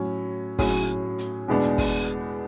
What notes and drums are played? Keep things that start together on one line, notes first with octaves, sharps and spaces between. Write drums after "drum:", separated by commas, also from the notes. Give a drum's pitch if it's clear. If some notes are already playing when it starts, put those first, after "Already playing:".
Already playing: A2 F#3 C#4
A2 F#3 C#4 G#4, drum: kick, open hi-hat
drum: hi-hat
E2 B2 G#3 B3 D4
drum: kick, open hi-hat